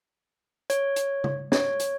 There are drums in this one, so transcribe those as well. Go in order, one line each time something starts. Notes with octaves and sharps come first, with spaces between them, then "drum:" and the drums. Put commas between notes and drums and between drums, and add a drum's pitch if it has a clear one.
C#5, drum: hi-hat
drum: hi-hat
drum: tom C#3
C#5, drum: snare
drum: hi-hat